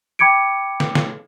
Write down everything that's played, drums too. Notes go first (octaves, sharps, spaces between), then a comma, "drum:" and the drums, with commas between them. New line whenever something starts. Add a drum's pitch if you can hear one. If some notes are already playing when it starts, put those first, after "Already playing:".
G5 B5 D6 G#6 C#7 D7
drum: snare
drum: snare